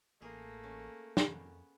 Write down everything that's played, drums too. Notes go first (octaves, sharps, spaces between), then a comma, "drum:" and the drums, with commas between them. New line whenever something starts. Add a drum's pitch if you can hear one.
A1 A3 A#3 G#4 A#4 C5
C#4
F2 B3 C#4, drum: snare